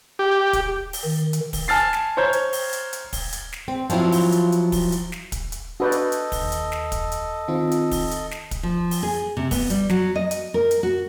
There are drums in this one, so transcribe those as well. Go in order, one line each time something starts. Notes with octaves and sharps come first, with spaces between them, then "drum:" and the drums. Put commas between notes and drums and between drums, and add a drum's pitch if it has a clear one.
G4
drum: kick, hi-hat
drum: open hi-hat
D#3
drum: hi-hat
drum: kick, open hi-hat
G#5 A5 F6 A6 C7
drum: snare
C5 C#5 A#5 G6 G#6
drum: hi-hat
drum: open hi-hat
drum: hi-hat
drum: hi-hat
drum: kick, open hi-hat
drum: hi-hat
drum: snare
C4
F3 F#3 C4 E4 F4, drum: hi-hat
drum: open hi-hat
drum: hi-hat
drum: hi-hat
drum: kick, open hi-hat
drum: hi-hat
drum: snare
drum: kick, hi-hat
drum: hi-hat
D4 F#4 A4 B4 D5 D#5 G6
drum: hi-hat
drum: hi-hat
drum: kick, open hi-hat
D#2
drum: hi-hat
drum: snare
drum: kick, hi-hat
drum: hi-hat
D#3 C4 F4
drum: hi-hat
drum: kick, open hi-hat
drum: hi-hat
drum: snare
drum: kick, hi-hat
F3
drum: open hi-hat
G#4
C3
B3, drum: kick, open hi-hat
G3, drum: hi-hat
F#3, drum: snare
D#5
drum: hi-hat
A#4
drum: hi-hat
F#4